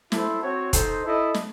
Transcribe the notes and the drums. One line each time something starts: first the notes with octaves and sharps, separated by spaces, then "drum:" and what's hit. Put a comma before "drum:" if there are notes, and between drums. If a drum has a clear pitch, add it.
E4 A4 C5, drum: snare
C4 F#4 C#5
D#4 A4 C5, drum: kick E1, hi-hat
E4 A4 D#5
drum: snare